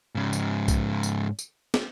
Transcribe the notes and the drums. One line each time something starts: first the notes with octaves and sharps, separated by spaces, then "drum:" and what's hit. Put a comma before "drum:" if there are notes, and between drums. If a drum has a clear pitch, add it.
G#2 C#3
drum: tambourine
drum: kick, tambourine
drum: tambourine
drum: tambourine
drum: snare